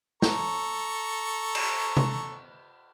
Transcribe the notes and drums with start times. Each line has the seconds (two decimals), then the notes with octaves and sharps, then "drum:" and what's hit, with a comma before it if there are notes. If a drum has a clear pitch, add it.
0.22 A4 A#5 C#6, drum: snare
1.55 drum: cymbal
1.97 drum: tom C3